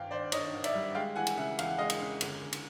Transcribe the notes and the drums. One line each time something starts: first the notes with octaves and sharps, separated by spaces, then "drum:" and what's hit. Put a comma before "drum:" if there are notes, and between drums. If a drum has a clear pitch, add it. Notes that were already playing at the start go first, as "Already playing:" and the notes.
Already playing: G#1 G2 F5 G5
G#1 C5 D5
D#3 C#5 D#5, drum: cymbal
G#1
D5 E5, drum: cymbal
G3
G#3 F5 G5
E3 F#5 G#5
drum: cymbal
C#3 E5 F#5
E2 F5, drum: cymbal
F#5
G#3 D#5 F5
drum: cymbal
C#3
G1, drum: cymbal
G1
drum: cymbal